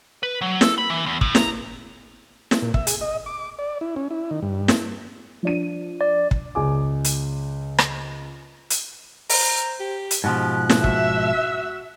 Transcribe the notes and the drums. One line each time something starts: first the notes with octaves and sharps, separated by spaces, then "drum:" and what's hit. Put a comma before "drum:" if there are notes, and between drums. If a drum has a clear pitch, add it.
B4
F#3
A4, drum: snare
B5
E3
E2
A2, drum: kick
A#5, drum: snare
drum: snare
A#2
E5, drum: kick
G#4, drum: hi-hat
D#5
D6
D5
E4
C#4
E4
D#3
G2
drum: snare
F3 D4 D#7
D5
drum: kick
C#2 G#4 G#5 D6
drum: hi-hat
drum: rim click
drum: hi-hat
C5 A#5, drum: open hi-hat
G4
drum: hi-hat
G#2 B2 F3 G4 F#6
drum: snare
F#4 E5, drum: kick